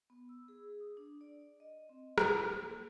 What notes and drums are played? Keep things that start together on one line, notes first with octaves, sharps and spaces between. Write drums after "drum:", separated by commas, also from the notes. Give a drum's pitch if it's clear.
B3
E6
G#4
D#6
D4
D5
D#5
C4
C5, drum: rim click
A#3